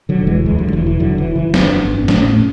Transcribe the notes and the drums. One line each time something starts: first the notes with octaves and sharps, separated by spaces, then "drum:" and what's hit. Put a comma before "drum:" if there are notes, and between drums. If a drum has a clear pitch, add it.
D3 F#3
E1
E3 G#3
D2 E3 G#3
D3 F#3
F#3
E1 E3
E3
F#1 D3 F#3
E3
F#1
E3
F#2 B3 D4, drum: snare
G#1
D4
A2 A3 C#4, drum: snare
A3 C#4
A2